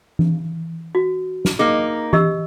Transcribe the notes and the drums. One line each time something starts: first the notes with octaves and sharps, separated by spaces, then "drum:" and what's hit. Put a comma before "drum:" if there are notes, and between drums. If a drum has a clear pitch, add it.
drum: tom E3
F#4
drum: snare
A#3 D#4 G#4
G4 D#5 E6, drum: tom E3